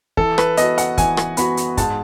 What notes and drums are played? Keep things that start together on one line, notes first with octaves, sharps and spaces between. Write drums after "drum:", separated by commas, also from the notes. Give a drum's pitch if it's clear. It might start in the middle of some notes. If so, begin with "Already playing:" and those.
E3 A4, drum: kick
B4, drum: rim click
B3 F#4 D#5, drum: hi-hat
F#5, drum: hi-hat
E3 G#5, drum: kick, hi-hat
drum: rim click
B3 F#4 B5, drum: hi-hat
drum: hi-hat
G#2 A5, drum: kick, hi-hat